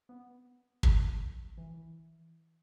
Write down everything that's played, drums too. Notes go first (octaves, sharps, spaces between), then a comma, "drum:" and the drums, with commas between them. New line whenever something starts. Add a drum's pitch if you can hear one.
B3
drum: kick
E3